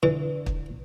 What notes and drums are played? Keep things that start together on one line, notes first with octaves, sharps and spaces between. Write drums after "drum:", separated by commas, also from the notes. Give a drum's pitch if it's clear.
D3 E3
drum: kick